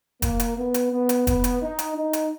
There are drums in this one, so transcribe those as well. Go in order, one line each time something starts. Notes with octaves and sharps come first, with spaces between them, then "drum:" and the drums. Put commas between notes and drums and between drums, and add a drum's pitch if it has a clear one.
A#3, drum: kick F1, hi-hat
drum: hi-hat
B3
drum: hi-hat
B3
drum: hi-hat
B3, drum: kick F1, hi-hat
drum: hi-hat
D#4
drum: hi-hat
D#4
drum: hi-hat